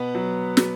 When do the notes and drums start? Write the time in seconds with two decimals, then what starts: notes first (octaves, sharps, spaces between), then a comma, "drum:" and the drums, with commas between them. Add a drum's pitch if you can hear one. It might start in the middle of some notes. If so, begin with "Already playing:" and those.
Already playing: B2 B3 B4
0.15 F#3
0.57 drum: snare